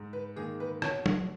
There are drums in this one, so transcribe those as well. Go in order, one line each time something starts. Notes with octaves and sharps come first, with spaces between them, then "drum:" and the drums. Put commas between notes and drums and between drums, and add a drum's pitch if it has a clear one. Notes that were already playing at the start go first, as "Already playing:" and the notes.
Already playing: G#2
B4
D#3 A#3 G#4
B4
B2 C#5, drum: rim click
drum: tom